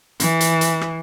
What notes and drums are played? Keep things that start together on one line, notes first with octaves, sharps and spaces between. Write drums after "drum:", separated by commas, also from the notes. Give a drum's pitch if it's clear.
E3, drum: hi-hat
drum: hi-hat
drum: hi-hat
drum: rim click